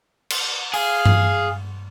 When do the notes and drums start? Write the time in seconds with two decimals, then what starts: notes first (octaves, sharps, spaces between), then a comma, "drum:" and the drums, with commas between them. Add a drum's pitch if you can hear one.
0.30 drum: cymbal
0.74 G#4 F5, drum: open hi-hat
1.05 drum: tom G2